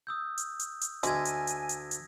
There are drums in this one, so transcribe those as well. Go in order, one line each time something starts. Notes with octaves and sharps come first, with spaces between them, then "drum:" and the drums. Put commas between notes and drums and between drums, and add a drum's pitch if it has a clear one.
D#6 E6 G6
drum: hi-hat
drum: hi-hat
drum: hi-hat
D2 G#3 G#5 G#6 A#6 B6, drum: hi-hat
drum: hi-hat
drum: hi-hat
drum: hi-hat
drum: hi-hat